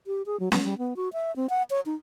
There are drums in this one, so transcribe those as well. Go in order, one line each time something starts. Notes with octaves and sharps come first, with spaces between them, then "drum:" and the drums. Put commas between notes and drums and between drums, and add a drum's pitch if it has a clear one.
G4
G#4
F#3
B3, drum: snare C#4
G3
B3
F#4
E5
C4
F#5
C#5
D#4